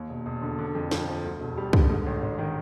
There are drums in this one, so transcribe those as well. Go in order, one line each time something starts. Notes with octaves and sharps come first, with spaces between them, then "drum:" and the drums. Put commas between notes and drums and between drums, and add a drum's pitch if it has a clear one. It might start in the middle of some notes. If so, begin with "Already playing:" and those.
Already playing: D#2
E1
E1
D3
D3
F2
F2, drum: snare
F3
D2
E1
G3
D3, drum: kick
G#2
A1
A1
D#3